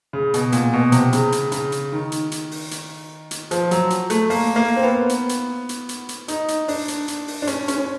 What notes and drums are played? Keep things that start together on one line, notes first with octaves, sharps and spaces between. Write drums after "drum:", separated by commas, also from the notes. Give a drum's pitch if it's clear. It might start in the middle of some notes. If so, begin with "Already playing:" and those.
C#3
B2, drum: hi-hat
A#2, drum: hi-hat
B2
C3, drum: hi-hat
C#3, drum: hi-hat
drum: hi-hat
C#3, drum: hi-hat
drum: hi-hat
D#3
drum: hi-hat
drum: hi-hat
drum: open hi-hat
drum: hi-hat
drum: hi-hat
F3, drum: hi-hat
F#3, drum: hi-hat
drum: hi-hat
A3, drum: hi-hat
A#3, drum: open hi-hat
A#3
C4
B3
drum: hi-hat
drum: hi-hat
drum: hi-hat
drum: hi-hat
drum: hi-hat
D#4, drum: hi-hat
drum: hi-hat
D4, drum: open hi-hat
drum: hi-hat
drum: hi-hat
drum: open hi-hat
D4
C#4, drum: hi-hat
C#4, drum: hi-hat
C#4